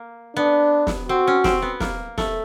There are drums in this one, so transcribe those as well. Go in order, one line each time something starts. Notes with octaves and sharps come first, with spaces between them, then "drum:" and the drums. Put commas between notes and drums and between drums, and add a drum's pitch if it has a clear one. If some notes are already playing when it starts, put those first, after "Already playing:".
Already playing: A#3
B3 D4
drum: snare
C4 F#4
C#4
C4, drum: snare
B3
A#3, drum: snare
A3, drum: snare